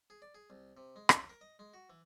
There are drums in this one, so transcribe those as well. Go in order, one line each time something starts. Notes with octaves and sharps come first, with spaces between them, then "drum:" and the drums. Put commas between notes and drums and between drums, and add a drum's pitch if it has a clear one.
G#4
D5
G#4
C2
C3
G#3
C#5, drum: rim click
A#4
D#5
G#3
F#4
E3